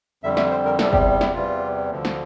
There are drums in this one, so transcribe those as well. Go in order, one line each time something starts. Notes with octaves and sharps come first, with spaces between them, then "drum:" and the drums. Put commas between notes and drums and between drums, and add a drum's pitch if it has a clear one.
F2 D3 G3 E5
E5, drum: snare
C5
A#4
E2 C3 G3 A4, drum: snare
G4, drum: kick
E4, drum: snare
E2 C3 E3 G3 F4
D2 D3 F3
drum: snare